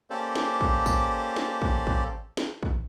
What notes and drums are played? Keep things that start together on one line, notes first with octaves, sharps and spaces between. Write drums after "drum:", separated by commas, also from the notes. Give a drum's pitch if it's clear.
A#3 C#4 G4 A4 C5 D5
drum: snare
drum: kick
drum: kick, tambourine
drum: snare
drum: kick
drum: kick
drum: snare
drum: kick